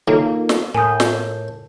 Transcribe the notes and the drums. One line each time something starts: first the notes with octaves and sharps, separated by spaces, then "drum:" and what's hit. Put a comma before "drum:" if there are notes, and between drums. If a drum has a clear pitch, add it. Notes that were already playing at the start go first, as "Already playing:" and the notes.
D#3 F#3 A3 A#3 D#4 F4
drum: snare
A2 A#4 G#5 A5 D#6 G6
drum: snare